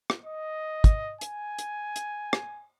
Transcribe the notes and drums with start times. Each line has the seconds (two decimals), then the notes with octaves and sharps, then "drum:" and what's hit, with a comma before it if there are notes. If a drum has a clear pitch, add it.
0.10 drum: rim click
0.26 D#5
0.84 drum: kick, hi-hat
1.21 G#5, drum: hi-hat
1.59 drum: hi-hat
1.96 drum: hi-hat
2.33 drum: rim click